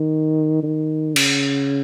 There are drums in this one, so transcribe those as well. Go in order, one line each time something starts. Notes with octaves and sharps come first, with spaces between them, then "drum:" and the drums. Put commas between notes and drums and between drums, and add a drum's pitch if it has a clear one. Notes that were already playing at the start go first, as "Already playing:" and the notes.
Already playing: D#3
D#3
C#3, drum: cymbal